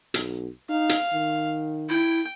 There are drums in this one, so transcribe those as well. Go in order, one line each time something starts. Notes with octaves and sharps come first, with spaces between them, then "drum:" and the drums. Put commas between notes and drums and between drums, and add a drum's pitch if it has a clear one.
B1, drum: hi-hat
D#4 F5
drum: hi-hat
D#3
E4 G5